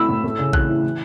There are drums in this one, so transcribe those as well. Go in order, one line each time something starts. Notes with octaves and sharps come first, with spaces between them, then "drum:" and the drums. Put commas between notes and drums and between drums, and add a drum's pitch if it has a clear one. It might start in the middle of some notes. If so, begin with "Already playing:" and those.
Already playing: A3 E4 B5 E6
A2
A3
C#3
E3 F#6, drum: kick
E4
E3